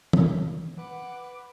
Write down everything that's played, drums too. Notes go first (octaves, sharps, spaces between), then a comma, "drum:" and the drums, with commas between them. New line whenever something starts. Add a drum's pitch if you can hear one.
drum: tom
B4 F#5 D6